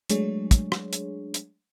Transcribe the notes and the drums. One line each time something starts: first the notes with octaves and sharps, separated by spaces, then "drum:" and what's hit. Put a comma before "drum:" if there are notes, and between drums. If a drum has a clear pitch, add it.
F#3 G#3 A3 D4 G#4 C#5, drum: hi-hat
drum: kick, hi-hat
drum: rim click
drum: hi-hat
drum: hi-hat